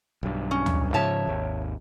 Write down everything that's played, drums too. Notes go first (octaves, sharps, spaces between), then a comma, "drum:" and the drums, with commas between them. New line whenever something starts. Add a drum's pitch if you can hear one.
B1 G2
C#4
drum: tom D2
G#2 C#3 F3 C#5 E5 A5
G#1 D#2